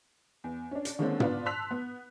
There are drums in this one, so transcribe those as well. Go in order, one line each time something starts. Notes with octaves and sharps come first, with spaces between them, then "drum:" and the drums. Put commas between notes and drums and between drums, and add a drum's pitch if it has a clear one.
E2
C#4 D4
drum: hi-hat
D3 D#3 G#3 A#3 C4 C#4
B3 D4 F4 B4, drum: tom
A5 C6 E6 F#6 B6 F7
B3